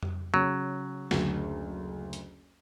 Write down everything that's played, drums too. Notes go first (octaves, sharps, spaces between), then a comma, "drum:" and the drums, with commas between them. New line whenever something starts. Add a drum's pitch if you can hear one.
drum: tom F2
C#3 F#3
F#1 D2, drum: snare
drum: hi-hat